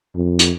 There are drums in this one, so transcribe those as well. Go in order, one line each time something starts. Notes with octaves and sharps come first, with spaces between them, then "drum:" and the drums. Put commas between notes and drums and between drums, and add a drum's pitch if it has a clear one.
F2
drum: hi-hat